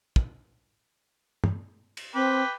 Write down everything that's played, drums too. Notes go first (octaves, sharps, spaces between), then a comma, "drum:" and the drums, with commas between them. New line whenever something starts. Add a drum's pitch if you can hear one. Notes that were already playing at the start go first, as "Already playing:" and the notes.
drum: kick
drum: tom
drum: cymbal
C4 B4 G5 D6